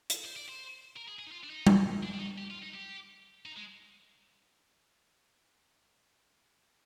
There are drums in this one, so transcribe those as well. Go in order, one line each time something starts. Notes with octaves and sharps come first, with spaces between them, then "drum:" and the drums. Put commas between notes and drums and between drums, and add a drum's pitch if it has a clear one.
drum: hi-hat
C5
D5
C5
A#4
G#4
G#4
D#4
F4
D4
D#4
drum: tom G3
D4
D4
D#4
G4
F4
D#4
G4
D#4
G#3